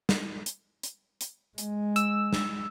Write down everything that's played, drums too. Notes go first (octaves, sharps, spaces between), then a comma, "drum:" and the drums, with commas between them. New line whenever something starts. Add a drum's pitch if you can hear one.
drum: snare
drum: hi-hat
drum: hi-hat
drum: hi-hat
G#3, drum: hi-hat
E6, drum: hi-hat
drum: snare